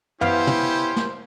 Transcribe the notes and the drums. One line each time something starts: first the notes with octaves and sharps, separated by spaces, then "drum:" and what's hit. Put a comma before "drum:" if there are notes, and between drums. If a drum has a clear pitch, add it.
B3 C#4 E4 G4 C5 F5, drum: tom
drum: tom
drum: snare